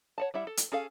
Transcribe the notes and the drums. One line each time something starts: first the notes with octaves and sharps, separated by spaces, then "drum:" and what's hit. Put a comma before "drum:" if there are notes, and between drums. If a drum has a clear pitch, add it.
C#5 F#5 A5
G3 E4 E5 F#5
A4
drum: hi-hat
C#4 G#4 A4 F5